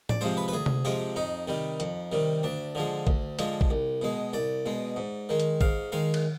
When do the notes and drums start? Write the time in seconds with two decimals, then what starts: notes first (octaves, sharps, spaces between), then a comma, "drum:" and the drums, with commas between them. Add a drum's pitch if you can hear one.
0.09 D5, drum: tom A2
0.21 C3 F3 G#3 C5
0.37 B4
0.48 B4
0.53 D2 G#4
0.66 drum: tom C3
0.85 C3 F3 G#3 G4
1.16 F2 D#4
1.48 C3 D#3 G3
1.80 F2, drum: hi-hat
2.12 C3 D#3 G3
2.43 D2 D4
2.75 D3 F3 G#3
3.07 D2, drum: kick
3.39 D3 F3 G#3, drum: hi-hat
3.61 drum: kick
3.70 C2
4.02 B2 G#3
4.33 C2 D5
4.66 B2 G#3
4.96 G#2
5.29 D#3 G#3
5.40 drum: hi-hat
5.61 G#2 F5, drum: kick
5.92 D#3 G#3 F5
6.14 drum: cymbal